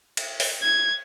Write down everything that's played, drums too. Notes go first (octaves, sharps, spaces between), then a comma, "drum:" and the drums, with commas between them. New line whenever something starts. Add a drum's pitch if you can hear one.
drum: cymbal
drum: open hi-hat
G#6